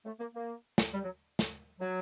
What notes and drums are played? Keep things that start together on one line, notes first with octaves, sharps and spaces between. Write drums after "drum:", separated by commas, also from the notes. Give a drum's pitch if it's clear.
A3
A#3
A#3
drum: snare
G3
F#3
drum: snare
F#3